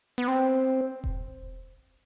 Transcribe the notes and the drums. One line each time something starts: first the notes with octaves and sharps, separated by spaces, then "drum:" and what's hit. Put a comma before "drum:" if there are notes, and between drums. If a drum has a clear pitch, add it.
B3
C4
drum: kick E1